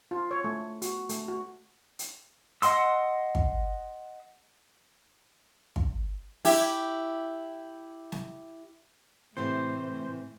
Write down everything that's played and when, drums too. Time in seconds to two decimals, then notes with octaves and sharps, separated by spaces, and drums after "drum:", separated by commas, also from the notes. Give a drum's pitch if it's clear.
0.11 F4
0.31 C#5
0.44 A3
0.82 F#4, drum: hi-hat
1.09 A3, drum: hi-hat
1.28 F#4
1.99 drum: hi-hat
2.62 D#5 F#5 C6 E6, drum: hi-hat
3.35 drum: kick
5.76 drum: kick
6.45 E4 G4, drum: open hi-hat
8.12 drum: snare
9.37 A2 C3 E3 A3 C5